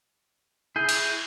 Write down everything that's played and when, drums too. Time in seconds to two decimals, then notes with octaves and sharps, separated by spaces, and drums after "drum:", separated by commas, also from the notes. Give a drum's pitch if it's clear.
0.76 E4 G#4 G6
0.89 drum: cymbal